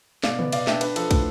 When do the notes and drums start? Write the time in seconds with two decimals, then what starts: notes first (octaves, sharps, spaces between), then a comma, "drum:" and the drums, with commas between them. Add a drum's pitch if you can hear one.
0.24 B2 D5 F5, drum: snare
0.39 B3, drum: tom
0.52 B2 D5 F5, drum: cymbal
0.67 D4 E5 G5, drum: snare
0.81 D4 B4, drum: cymbal
0.96 F3 A4, drum: cymbal
1.11 A2, drum: kick, cymbal